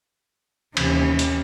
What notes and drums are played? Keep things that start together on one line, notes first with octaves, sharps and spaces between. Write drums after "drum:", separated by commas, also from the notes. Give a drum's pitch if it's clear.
D#2 C3 E3 C#4, drum: cymbal
drum: hi-hat